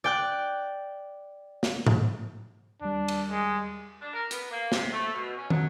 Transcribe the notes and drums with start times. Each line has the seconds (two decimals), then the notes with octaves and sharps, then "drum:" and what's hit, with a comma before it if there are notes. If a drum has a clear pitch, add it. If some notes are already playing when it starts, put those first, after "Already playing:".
0.04 D5 G5 F#6
1.63 drum: snare
1.87 drum: tom G#2
2.81 D#2 G3 D4
3.08 drum: cymbal
3.30 G#3
4.02 D4
4.13 A#4
4.31 B3, drum: hi-hat
4.51 A#3
4.72 C3, drum: snare
4.92 A3
5.13 B2
5.36 C#4
5.50 F#3, drum: tom